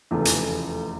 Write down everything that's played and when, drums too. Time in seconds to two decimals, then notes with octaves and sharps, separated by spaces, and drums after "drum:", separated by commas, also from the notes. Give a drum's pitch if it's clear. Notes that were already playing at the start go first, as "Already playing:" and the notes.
0.11 F1 E2 C#3 F3 A3
0.25 drum: hi-hat